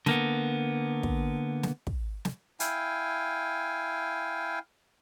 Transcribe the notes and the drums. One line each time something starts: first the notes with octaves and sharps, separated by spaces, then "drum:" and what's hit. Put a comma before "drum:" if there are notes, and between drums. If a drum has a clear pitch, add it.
D3 A#3 B3, drum: snare
drum: kick
drum: snare
drum: kick
drum: snare
E4 F5 G5 G#5, drum: hi-hat